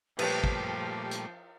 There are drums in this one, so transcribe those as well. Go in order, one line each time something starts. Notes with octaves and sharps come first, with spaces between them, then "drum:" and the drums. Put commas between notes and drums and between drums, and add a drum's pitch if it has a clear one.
A#2 F3 G3 A3 G4 B4 C#5, drum: cymbal
drum: kick
drum: hi-hat